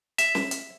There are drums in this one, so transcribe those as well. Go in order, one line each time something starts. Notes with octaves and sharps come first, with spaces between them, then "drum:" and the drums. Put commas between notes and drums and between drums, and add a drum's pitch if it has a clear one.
E5, drum: hi-hat
drum: snare
drum: hi-hat